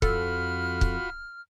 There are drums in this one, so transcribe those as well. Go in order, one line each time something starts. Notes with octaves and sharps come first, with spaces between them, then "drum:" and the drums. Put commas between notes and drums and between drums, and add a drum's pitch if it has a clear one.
F2 F4 F#4 A4 B5 F6, drum: kick
drum: kick